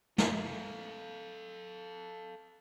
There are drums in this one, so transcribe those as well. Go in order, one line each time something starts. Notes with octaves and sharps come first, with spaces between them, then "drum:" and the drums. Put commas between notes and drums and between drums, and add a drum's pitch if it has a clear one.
A4 F5, drum: snare